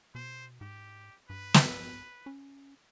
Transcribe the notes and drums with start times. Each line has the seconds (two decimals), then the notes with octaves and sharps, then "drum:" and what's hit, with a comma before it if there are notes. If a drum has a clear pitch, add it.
0.15 B2 C5
0.61 G#2 G4
1.30 G2 B4
1.54 drum: snare
2.26 C#4